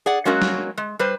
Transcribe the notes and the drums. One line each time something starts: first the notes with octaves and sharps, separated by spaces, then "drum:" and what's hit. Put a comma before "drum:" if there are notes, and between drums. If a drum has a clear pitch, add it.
G#4 D5 F#5
F#3 G#3 A#3 C#4 F#4
drum: snare
G#3
G3 B4 C5